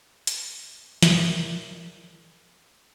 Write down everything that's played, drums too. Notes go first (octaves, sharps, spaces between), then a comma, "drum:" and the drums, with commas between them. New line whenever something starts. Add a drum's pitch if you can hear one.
drum: hi-hat
G#4 A#4 D5 E5, drum: snare